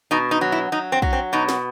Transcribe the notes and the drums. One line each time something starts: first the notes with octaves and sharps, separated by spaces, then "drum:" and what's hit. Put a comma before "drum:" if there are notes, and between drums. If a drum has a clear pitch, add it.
B2 D#4
D#4
F#3
E4
F#3 D#4
C4
F#3, drum: kick
C4
B2 D#4
drum: snare